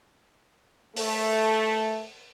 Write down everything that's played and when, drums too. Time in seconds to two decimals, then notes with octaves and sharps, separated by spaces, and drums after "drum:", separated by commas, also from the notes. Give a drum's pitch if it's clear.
0.96 A3, drum: open hi-hat